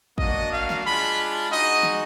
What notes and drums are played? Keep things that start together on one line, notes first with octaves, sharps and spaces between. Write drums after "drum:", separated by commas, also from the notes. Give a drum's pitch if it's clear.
A#3 D4 F#4 D#5, drum: kick
F5
drum: snare
G#3 D4 F4 B5
G#3 D#4 F#4 D#5
drum: snare